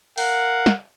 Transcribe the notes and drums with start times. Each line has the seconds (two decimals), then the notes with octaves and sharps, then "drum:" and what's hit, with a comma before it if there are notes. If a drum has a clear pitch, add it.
0.18 A#4 F5 F#5, drum: open hi-hat
0.66 drum: snare